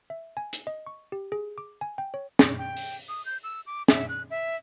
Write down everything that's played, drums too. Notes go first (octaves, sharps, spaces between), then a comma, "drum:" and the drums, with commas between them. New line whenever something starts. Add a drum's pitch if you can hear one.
E5
G#5
drum: hi-hat
D#5
C#6
G4
G#4
D6
G#5
G5
C#5
drum: snare
G5
drum: open hi-hat
D#6
G6
E6
D6
E5, drum: snare
F#6
E5